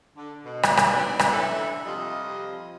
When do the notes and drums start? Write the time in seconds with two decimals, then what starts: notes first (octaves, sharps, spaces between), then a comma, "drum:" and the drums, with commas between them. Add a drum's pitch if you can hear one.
0.16 D3
0.45 B2
0.63 drum: rim click
0.77 drum: rim click
0.91 D2 D#3 F#3 B3 C#4 D4
1.19 drum: rim click
1.31 D3 E3 C#4 E4 A4
1.85 F2 C3 G3 F4 D#5